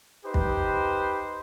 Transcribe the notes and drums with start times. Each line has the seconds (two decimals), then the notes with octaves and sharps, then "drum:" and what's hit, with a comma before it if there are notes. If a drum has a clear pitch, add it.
0.25 D#4 G4 B4 C5
0.34 drum: kick